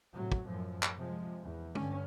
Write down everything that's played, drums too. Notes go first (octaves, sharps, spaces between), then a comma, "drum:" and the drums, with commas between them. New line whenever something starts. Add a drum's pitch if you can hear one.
A2 C3 F#3
drum: kick
F#2 A2 F3
drum: clap
C3 F3 G#3
E2
G2 D3 C#4, drum: tom